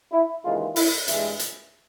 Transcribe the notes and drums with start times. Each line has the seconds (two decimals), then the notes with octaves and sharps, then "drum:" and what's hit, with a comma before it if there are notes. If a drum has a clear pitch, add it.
0.12 E4
0.44 D#2 C#3 E3 G#3 F4
0.76 E4, drum: open hi-hat
1.08 G2 E3 G#3 E4, drum: hi-hat
1.39 drum: hi-hat